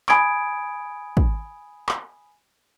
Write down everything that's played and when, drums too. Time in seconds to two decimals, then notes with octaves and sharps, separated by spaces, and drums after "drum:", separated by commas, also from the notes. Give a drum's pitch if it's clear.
0.09 G#5 B5 D#6 G#6 D7, drum: clap
1.17 drum: kick
1.89 drum: clap